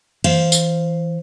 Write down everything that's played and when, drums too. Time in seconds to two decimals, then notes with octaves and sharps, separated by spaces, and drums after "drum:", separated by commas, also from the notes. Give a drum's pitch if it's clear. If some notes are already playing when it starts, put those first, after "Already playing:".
0.24 E3 C5 F5, drum: cymbal
0.52 drum: tambourine